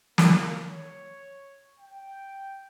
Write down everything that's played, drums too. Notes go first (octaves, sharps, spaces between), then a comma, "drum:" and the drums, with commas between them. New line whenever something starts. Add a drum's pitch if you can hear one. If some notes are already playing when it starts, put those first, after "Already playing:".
A#3, drum: snare
C#5
G5